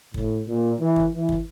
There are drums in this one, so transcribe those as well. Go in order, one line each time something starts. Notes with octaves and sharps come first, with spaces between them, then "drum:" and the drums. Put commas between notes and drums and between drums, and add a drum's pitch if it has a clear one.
A2, drum: kick
A#2
E3
drum: kick
E3
drum: kick